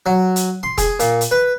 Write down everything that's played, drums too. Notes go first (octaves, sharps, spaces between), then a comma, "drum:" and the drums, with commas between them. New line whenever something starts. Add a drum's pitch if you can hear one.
F#3
drum: hi-hat
C6
G#4, drum: kick F1, hi-hat
A#2, drum: hi-hat
drum: hi-hat
B4